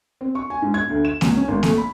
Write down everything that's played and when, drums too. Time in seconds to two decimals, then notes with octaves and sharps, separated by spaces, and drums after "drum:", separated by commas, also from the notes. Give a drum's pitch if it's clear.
0.21 C4
0.35 C#6
0.50 G#5
0.62 G#2
0.74 G#6
0.89 D2
1.05 E7
1.21 C#2, drum: snare A#3
1.37 C#4
1.48 G#1
1.63 A3, drum: snare A#3
1.78 B5